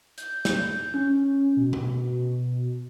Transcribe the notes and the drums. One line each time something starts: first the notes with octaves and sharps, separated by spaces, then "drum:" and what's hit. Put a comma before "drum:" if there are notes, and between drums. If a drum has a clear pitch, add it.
G6, drum: hi-hat
drum: snare
C#4
B2
drum: tom B2